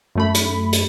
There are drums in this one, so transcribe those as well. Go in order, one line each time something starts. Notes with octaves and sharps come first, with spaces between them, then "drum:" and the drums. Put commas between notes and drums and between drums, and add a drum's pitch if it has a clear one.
F#2 A3 B5
drum: hi-hat
drum: hi-hat